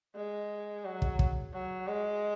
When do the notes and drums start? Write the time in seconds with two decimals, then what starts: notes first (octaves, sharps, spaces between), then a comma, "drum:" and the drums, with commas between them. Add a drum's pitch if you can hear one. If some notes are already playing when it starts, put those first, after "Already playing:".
0.15 G#3
0.85 F#3
1.02 drum: kick
1.19 drum: kick
1.54 F#3
1.88 G#3